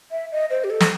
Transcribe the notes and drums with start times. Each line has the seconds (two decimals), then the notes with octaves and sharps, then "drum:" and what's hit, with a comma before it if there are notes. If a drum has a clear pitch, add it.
0.11 E5
0.32 D#5
0.50 C5
0.64 G4
0.70 A4
0.80 drum: snare